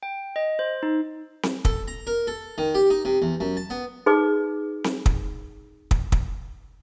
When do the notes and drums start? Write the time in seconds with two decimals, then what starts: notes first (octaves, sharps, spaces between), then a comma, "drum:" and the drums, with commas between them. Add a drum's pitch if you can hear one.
0.03 G5
0.36 D#5
0.59 C5
0.83 D#4
1.43 drum: snare C4
1.65 A4, drum: kick
1.88 A#5
2.07 A#4
2.27 A4
2.58 D#3
2.75 G4
2.90 D#4
3.05 C3
3.22 E2
3.40 F#2
3.57 A5
3.70 B3
4.06 D#4 G#4 B4 D6
4.84 drum: snare C4
5.06 drum: kick
5.91 drum: kick
6.12 drum: kick